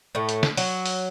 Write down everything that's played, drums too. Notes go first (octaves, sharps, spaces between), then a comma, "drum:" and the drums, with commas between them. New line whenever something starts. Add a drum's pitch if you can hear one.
A2 A3
drum: hi-hat
drum: snare
F#3, drum: open hi-hat
drum: open hi-hat